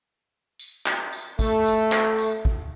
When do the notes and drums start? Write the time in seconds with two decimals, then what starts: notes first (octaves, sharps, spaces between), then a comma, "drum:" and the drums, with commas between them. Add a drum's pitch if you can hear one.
0.60 drum: tambourine
0.86 drum: clap
1.13 drum: tambourine
1.39 A3, drum: kick, tambourine
1.66 drum: tambourine
1.92 drum: clap
2.19 drum: tambourine
2.45 drum: kick